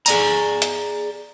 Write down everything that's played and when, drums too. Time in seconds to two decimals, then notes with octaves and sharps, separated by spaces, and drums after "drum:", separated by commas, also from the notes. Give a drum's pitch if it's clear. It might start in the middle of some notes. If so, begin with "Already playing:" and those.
0.06 G#4 D5 A#5, drum: tambourine
0.62 drum: hi-hat